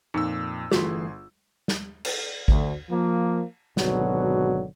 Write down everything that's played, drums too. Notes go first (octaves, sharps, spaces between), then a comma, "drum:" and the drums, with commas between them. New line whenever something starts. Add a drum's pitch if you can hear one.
F2 A#2 D#4 E6
G1 E3 A3 F4 F#4 G#4 C6, drum: snare
drum: snare
drum: cymbal
D2, drum: kick A1
F3 A#3
G#1 B2 D3 F#3, drum: snare